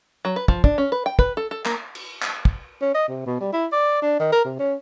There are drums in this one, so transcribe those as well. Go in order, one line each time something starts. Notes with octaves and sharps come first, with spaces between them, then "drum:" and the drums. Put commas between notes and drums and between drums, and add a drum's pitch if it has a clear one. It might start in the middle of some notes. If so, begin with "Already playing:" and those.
F#3
B4
F3, drum: kick
D4, drum: kick
C#4
B4
G5
B4, drum: kick
A4
A4
A#3, drum: clap
drum: cymbal
drum: clap
drum: kick
C#4
D#5
C3
B2
G3
E4
D5
D4
D#3
A#4
C3
C#4